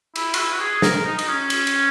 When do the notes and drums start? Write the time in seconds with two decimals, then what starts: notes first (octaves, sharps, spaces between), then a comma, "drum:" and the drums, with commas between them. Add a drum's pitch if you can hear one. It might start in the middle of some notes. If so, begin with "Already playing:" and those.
0.16 E4, drum: cymbal
0.34 F#4, drum: cymbal
0.38 E4
0.53 F#4
0.60 G#4
0.82 A#4, drum: snare
1.06 D#4
1.19 D#4, drum: cymbal
1.28 C#4
1.50 drum: cymbal
1.67 drum: cymbal